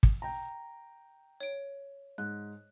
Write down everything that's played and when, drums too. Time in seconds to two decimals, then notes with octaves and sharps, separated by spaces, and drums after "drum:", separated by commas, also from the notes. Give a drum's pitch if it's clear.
0.03 drum: kick
0.22 G5 A#5
1.40 C#5 D7
2.18 G#2 F#6